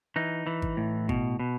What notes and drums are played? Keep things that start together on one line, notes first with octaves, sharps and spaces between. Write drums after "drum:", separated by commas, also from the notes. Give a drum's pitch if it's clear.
E3 D#4
E3
drum: kick G#1
A2
B2, drum: kick G#1
B2